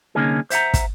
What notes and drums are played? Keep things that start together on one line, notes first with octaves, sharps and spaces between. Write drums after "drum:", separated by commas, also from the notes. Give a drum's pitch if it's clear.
C2 D3 A#3 C#4 D#4 G#4
C5 E5 F#5 A#5, drum: hi-hat
drum: kick, hi-hat